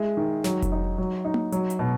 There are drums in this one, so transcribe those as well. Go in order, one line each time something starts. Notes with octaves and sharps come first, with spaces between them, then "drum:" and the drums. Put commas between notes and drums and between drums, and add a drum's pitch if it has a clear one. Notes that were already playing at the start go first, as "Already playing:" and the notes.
Already playing: G#3 E4
D#3
F#3, drum: snare
drum: kick F1, hi-hat
D#4
F#3
D#4
drum: tom A#3
F#3, drum: hi-hat
drum: hi-hat
B2